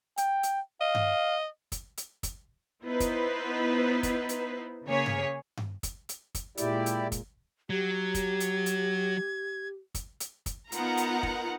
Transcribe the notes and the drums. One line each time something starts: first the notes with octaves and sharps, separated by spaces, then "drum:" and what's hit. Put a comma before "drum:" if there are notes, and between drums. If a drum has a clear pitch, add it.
G5, drum: hi-hat
drum: hi-hat
D#5 F5
drum: tom G2
drum: kick, hi-hat
drum: hi-hat
drum: kick, hi-hat
B3 D#4 E4 B4 C5
drum: kick, hi-hat
drum: kick, hi-hat
drum: hi-hat
C#3 A#3 G#4 C#5 B6
drum: tom G2
drum: tom G2
drum: kick, hi-hat
drum: hi-hat
drum: kick, hi-hat
A#2 G#3 E4 G4 D5, drum: hi-hat
drum: hi-hat
drum: kick, hi-hat
F#3 G4 G#6
drum: kick, hi-hat
drum: hi-hat
drum: hi-hat
drum: kick, hi-hat
drum: hi-hat
drum: kick, hi-hat
B3 D#4 F4 A#4 F#5 A#5, drum: hi-hat
drum: hi-hat
drum: kick